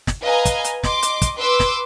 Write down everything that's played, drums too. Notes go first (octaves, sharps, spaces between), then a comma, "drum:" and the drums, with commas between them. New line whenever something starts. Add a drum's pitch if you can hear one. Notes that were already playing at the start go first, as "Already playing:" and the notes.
drum: snare
B4 D#5 F5 G#5 A#5
drum: kick, hi-hat
drum: hi-hat
D#5 C6 D6, drum: snare
drum: hi-hat
drum: kick, hi-hat
B4 C6 D6 E6
drum: snare